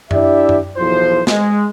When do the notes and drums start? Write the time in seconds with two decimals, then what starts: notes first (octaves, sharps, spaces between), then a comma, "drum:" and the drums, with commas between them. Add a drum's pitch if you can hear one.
0.11 D4 E4 G4 D5 E5, drum: tom F#2
0.49 drum: tom F#2
0.77 B1 E2 F3 E4 C5
1.27 G#3, drum: snare